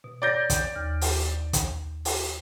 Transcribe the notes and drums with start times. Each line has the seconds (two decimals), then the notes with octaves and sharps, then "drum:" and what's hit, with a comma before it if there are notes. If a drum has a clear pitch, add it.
0.04 B2
0.22 C#5 D5 G6 A#6
0.50 drum: kick, hi-hat
0.76 D#2 F6
1.01 drum: open hi-hat
1.53 drum: kick, hi-hat
2.05 drum: open hi-hat